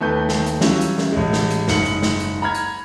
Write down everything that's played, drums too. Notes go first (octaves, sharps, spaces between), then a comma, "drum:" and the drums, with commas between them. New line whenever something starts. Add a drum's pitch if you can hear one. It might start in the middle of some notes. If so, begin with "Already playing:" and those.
D#2 A3 B4 G6
drum: snare
drum: hi-hat
E3 F#3 G3 C#4 E4 F4, drum: snare
drum: hi-hat
drum: snare
A1 G#3
drum: snare
drum: hi-hat
F#1 G#2 C#7 F#7, drum: snare
drum: hi-hat
drum: snare
drum: hi-hat
A#5 B5 F6 G#6
drum: hi-hat